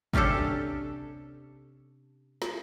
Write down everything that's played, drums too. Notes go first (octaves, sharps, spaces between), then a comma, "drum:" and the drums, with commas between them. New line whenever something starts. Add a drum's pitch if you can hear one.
C3 C#4 D4 G4 A4, drum: kick
drum: snare